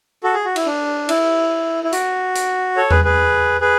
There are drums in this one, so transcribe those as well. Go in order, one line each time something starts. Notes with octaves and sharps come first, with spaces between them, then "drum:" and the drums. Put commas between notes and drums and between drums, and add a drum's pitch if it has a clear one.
F#4 A4
G#4
F#4
E4, drum: cymbal
D4
E4, drum: cymbal
E4
F#4, drum: hi-hat
drum: hi-hat
A4 C#5
G#4 B4, drum: tom E2
G#4 B4
G#4 B4